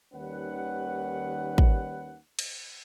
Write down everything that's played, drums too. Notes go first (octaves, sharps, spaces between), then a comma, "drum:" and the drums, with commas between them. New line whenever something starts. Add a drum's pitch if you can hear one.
D#2 D#3 G3 C#4 B4 F#5
drum: kick
drum: cymbal